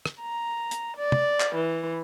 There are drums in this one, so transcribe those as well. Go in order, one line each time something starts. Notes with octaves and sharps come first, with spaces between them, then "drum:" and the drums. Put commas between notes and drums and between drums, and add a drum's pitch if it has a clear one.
drum: rim click
A#5
drum: hi-hat
D5
drum: tom
drum: clap
E3